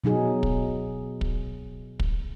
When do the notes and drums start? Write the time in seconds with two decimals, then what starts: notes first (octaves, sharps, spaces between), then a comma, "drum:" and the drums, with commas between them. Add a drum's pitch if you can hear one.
0.04 B2 F#3 D#4 G#4
0.43 drum: kick
1.21 drum: kick
2.00 drum: kick